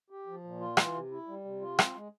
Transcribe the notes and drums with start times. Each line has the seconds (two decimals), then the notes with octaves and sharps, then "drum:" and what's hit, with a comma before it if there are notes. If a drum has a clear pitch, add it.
0.10 G4
0.27 F3
0.44 A#2
0.60 F4
0.77 E3, drum: rim click
0.94 C3
1.11 E4
1.28 G3
1.45 C3
1.61 F4
1.79 C4, drum: rim click
1.95 G#3